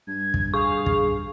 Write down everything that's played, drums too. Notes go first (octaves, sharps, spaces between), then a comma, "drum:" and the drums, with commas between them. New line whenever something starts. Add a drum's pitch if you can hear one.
G2 G#6
drum: kick
G#4 F5 C#6
drum: kick